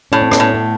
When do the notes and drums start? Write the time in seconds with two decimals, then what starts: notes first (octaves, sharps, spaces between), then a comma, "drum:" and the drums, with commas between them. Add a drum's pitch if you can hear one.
0.12 A2 C#4
0.22 C4
0.31 B3 C#4, drum: rim click
0.40 A2
0.54 A3 B3